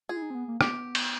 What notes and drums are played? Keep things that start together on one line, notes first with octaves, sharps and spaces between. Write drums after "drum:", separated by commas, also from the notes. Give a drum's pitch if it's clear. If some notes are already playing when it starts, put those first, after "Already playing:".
F4 G#4
E4
D#4
C4
B3
A#3
B3 G4, drum: rim click
drum: cymbal